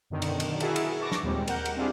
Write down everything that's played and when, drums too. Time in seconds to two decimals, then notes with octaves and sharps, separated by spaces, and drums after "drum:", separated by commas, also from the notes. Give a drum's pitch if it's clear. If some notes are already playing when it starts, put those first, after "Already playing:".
0.10 F#2 B2 D3 D#3
0.22 drum: cymbal
0.40 drum: cymbal
0.60 E4 F#4 G#4 A#4 E5 A5, drum: cymbal
0.76 drum: cymbal
1.00 B4 A5 C#6 D6 A#6
1.12 drum: snare
1.23 D#2 A#2 G3 G#3 C4
1.48 A#4 F#5 G6, drum: cymbal
1.65 drum: cymbal
1.77 C4 D4 E4 F4 G4 G#4